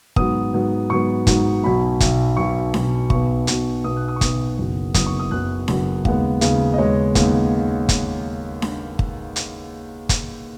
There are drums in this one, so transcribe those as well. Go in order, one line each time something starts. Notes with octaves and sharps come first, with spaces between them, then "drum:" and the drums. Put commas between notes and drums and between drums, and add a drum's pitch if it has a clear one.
G#2 F#3 B3 D#6, drum: kick
G#2 F#3 B3
G#2 F#3 B3 C#6
G#2 F#3 B3, drum: kick, hi-hat
B1 B2 F#3 B5
B1 B2 F#3, drum: kick, hi-hat
B1 B2 F#3 C#6
B1 B2 F#3, drum: snare D4
B1 B2 B3 C#6, drum: kick
B1 B2 B3, drum: hi-hat
B1 B2 B3 D#6
F#6
D#6
C#6
B1 B2 B3 D#6, drum: kick, hi-hat
F#1 F#2 F#3 B3
F#1 F#2 F#3 B3 D#6, drum: kick, hi-hat
C#6
D#6
F#1 F#2 F#3 B3 F#6
F#1 F#2 F#3 B3, drum: snare D4
D#2 C#3 G#3 B3 F#5, drum: kick
D#2 C#3 G#3 B3, drum: hi-hat
D#5
D#2 C#3 G#3 B3 C#5
D#2 C#3 G#3 B3, drum: kick, hi-hat
drum: kick, hi-hat
drum: snare D4
drum: kick
drum: hi-hat
drum: kick, hi-hat